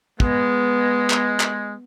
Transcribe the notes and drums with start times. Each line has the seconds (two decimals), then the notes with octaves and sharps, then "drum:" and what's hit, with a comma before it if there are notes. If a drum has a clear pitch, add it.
0.20 G#3 B3, drum: kick
1.10 drum: clap
1.40 drum: clap